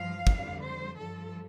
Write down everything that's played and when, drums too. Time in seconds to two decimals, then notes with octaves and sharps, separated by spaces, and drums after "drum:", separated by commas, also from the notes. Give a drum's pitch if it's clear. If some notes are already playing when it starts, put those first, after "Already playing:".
Already playing: G2 F3 F5
0.27 F2 D3 G3, drum: kick
0.62 C5
0.99 G2 F3 A4